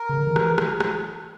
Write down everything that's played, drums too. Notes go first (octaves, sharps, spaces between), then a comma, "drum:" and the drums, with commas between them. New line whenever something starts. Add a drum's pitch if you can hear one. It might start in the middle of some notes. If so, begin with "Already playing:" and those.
Already playing: A#4
C#3
D3
D#3
E3, drum: rim click
drum: rim click
drum: rim click